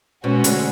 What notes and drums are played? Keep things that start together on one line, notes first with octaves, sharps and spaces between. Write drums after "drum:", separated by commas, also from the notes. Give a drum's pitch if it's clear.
B2 G#3 C#4 F#4
D2 D3, drum: hi-hat